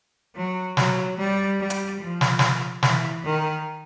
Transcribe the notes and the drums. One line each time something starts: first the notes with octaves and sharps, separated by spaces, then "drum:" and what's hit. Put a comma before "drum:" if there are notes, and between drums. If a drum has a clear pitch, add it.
F#3
F#3, drum: snare
G3
G3
drum: hi-hat
F3
drum: snare
drum: snare
E3, drum: snare
D#3